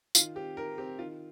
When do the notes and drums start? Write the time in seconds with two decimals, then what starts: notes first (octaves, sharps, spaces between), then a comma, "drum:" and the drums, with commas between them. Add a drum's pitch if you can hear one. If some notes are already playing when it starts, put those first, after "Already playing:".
0.15 D#3 F4, drum: tambourine
0.35 C4 G4
0.57 D#3 A#4
0.78 C4 G4
0.99 D#3 F4